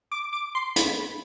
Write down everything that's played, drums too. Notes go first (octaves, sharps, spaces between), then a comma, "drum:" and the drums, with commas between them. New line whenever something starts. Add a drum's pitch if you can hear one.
D6
D6
C6
B5, drum: hi-hat